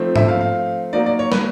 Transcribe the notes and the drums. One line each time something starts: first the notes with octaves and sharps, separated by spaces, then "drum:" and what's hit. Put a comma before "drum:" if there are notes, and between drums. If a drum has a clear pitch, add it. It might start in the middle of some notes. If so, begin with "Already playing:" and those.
Already playing: F3 A3 C4 D#4
E5, drum: tom G#2
F5
F5
F#3 A#3 D#4 D5
D5
C#5
B4, drum: snare